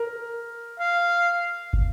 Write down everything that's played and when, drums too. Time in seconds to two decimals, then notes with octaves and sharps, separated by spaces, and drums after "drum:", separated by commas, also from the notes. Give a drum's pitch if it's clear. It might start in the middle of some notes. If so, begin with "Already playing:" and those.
Already playing: A#4
0.79 F5
1.73 drum: kick